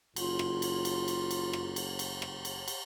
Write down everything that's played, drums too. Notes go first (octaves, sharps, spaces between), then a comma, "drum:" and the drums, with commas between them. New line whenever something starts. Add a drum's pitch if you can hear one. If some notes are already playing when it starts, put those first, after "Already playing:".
F#1 F4, drum: cymbal
drum: rim click
drum: cymbal
drum: cymbal
drum: cymbal
drum: cymbal
drum: rim click
drum: cymbal
drum: cymbal
drum: rim click
drum: cymbal
drum: cymbal